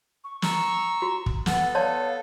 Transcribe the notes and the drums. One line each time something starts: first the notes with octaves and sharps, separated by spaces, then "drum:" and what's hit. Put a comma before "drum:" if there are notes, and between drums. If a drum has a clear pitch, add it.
C#6
A#5 C#6 E6, drum: snare
F#4
drum: kick
B3 A4 F#5, drum: snare
C#5 D5 F5 A5